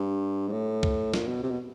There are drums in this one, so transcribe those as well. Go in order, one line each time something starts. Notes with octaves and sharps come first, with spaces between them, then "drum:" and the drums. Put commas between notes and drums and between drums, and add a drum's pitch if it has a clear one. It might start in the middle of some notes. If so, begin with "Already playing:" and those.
Already playing: G2
G#2
A2
drum: kick
A#2, drum: snare
B2
C3
B2